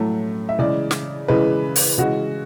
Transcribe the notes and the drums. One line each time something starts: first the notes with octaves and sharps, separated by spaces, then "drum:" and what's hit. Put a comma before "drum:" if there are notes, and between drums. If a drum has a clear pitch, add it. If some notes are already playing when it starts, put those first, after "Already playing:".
Already playing: A2 F#3 A3
E5
C#3 E3 G#3 D5
drum: snare
C#3 E3 G#3 B4
drum: open hi-hat
C#3 E3 G#3 F#4